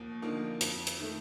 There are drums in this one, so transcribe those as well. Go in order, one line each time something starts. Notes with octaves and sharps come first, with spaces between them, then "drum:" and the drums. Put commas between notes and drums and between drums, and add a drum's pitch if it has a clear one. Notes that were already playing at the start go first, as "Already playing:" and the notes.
Already playing: D#2 F3 A#3 D#4
D3 F3 A#3 D#4
F2, drum: hi-hat
drum: hi-hat
D#3 A3